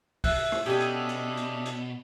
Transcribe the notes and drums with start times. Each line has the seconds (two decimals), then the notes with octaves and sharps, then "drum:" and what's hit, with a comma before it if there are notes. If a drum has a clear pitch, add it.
0.24 A4 E5 F#6, drum: kick, open hi-hat
0.52 drum: rim click
0.66 B2 C#4 D4 G4 A4 D#5 E5 D#6
0.81 drum: hi-hat
1.09 drum: hi-hat
1.37 drum: hi-hat
1.66 drum: hi-hat